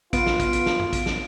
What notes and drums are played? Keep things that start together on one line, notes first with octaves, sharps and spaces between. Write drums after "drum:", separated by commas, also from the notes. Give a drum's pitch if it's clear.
B3 F4 B4 F5 D7, drum: kick A#1, hi-hat
drum: snare
drum: kick A#1, hi-hat
drum: hi-hat
drum: snare
drum: tom F#2
drum: kick A#1, hi-hat
drum: snare